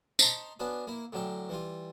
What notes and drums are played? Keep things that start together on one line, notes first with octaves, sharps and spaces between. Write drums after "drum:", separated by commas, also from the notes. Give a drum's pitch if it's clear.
C5 D#5 A5 A#5 C6 C#6, drum: tambourine
B3 C#4 D4 F#4
A#3 E4
A2 D3 F#3 C#4 G5
E3 G3 F4